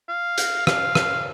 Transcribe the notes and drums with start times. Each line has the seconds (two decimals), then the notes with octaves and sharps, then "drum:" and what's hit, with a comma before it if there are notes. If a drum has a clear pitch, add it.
0.09 F5
0.38 drum: hi-hat
0.67 F5, drum: rim click
0.95 drum: rim click